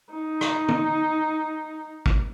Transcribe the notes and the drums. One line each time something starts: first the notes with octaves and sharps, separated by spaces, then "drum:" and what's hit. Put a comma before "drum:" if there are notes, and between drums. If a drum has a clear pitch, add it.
D#4
drum: rim click
drum: tom
drum: kick